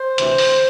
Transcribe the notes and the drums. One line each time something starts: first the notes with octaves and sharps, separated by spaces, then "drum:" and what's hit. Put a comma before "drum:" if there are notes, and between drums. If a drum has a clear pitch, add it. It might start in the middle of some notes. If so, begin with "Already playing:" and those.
Already playing: C5
D2 C3 E3, drum: hi-hat
drum: open hi-hat